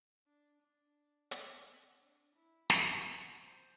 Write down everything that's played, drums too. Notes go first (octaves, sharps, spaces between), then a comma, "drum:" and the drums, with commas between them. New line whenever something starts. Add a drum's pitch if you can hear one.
D4
D4
C4, drum: hi-hat
D4
E4
G4, drum: snare
C5